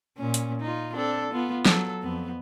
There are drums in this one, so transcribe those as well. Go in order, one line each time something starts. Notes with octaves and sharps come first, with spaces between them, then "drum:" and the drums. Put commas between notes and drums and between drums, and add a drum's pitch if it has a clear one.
A#2 C#4
drum: hi-hat
D#4 F4
C4 D4 A4
B3 F4
F#3 A4, drum: snare
F2 B3